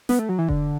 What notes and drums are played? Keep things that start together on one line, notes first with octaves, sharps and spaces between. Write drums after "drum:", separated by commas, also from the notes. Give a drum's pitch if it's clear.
B3, drum: snare
A3
F#3
E3
D3, drum: kick F1